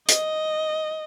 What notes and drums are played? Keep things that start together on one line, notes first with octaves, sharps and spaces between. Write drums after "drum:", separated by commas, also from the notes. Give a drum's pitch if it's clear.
D#5, drum: hi-hat